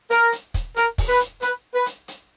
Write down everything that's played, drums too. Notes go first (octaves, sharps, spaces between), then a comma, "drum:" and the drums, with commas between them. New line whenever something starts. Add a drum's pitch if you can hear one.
A#4, drum: hi-hat
drum: hi-hat
drum: kick, hi-hat
A#4, drum: hi-hat
drum: kick, open hi-hat
B4
drum: hi-hat
B4, drum: hi-hat
B4
drum: hi-hat
drum: hi-hat